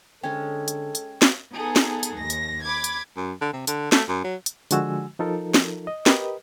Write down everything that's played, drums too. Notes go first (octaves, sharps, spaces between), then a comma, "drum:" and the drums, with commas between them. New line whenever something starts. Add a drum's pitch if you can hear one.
D3 G#3 C#4 A4 G5 G#6
drum: hi-hat
drum: hi-hat
drum: snare
B3 D#4 G#4 A4
drum: snare
drum: hi-hat
D#2 A#6
drum: hi-hat
B5 D6 G#6
drum: hi-hat
F#2
D3
C3
D3, drum: hi-hat
A3, drum: snare
F#2
F#3
drum: hi-hat
D3 F3 G#3 F#4 G#5 E6, drum: hi-hat
F3 D#4 F4 A4 A#4
drum: snare
D#5
G4 A#4 B4 D#5, drum: snare